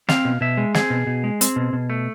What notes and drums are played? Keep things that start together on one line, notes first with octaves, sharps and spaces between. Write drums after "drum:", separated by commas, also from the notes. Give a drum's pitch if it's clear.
C4 F5, drum: snare
B2
B2 E5
G#3
C4 G#4, drum: snare
B2
B2
G#3
C4, drum: hi-hat
B2
B2
A3